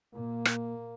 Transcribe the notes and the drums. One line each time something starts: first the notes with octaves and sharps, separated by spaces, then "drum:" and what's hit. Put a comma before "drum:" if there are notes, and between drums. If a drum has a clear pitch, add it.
A#2 A#3
drum: rim click